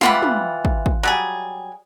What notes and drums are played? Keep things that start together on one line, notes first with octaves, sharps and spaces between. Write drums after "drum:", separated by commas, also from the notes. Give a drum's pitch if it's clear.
C3 E3 G3 F4 F#5 B5, drum: snare
drum: tom
drum: kick
drum: kick
F#3 G3 G#4